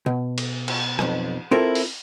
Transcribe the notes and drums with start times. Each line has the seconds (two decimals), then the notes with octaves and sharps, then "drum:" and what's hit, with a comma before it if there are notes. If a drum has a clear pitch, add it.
0.06 B2
0.38 drum: cymbal
0.68 drum: cymbal
0.99 B1 F2, drum: rim click
1.51 C4 E4 F4 A4 A#4
1.75 drum: open hi-hat